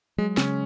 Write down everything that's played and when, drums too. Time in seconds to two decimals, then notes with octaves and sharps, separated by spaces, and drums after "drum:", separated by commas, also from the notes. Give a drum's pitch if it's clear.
0.18 F#3 G#3
0.37 C#3 C#4, drum: snare